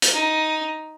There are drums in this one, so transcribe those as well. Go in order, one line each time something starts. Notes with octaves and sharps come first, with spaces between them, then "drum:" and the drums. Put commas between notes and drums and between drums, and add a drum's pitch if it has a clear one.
drum: hi-hat
D#4